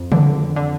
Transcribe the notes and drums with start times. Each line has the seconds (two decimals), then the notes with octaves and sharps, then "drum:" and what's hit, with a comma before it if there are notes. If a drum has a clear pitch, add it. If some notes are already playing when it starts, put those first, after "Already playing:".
Already playing: F2
0.12 D3, drum: tom
0.56 D3